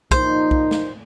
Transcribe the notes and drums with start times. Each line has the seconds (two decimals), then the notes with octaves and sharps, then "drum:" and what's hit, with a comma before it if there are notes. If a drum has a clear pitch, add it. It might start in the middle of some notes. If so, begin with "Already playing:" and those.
0.11 A#2 F3 A#3 D#4 C5, drum: kick B1
0.51 drum: kick B1
0.71 drum: snare